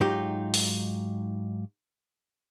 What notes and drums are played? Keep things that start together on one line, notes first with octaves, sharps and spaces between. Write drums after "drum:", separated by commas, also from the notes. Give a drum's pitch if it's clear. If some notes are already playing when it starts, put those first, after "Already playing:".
G#2 F#3 D#4 F4 G4
drum: open hi-hat